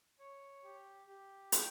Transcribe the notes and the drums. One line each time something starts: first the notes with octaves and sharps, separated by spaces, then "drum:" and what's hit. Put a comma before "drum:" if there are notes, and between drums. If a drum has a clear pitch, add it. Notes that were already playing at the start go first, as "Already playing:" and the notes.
C#5
G4
G4
G5, drum: hi-hat